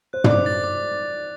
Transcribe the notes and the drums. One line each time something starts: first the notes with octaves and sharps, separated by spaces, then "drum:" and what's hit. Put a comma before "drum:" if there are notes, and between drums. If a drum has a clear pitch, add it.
C5 F#6
D5, drum: tom
C5 D6
A6
D6